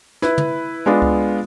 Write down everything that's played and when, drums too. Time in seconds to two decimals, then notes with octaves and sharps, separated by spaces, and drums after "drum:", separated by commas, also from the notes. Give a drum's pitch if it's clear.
0.22 E4 B4, drum: snare
0.38 drum: tom
0.86 G#3 B3 D4 F4
1.02 drum: kick C#2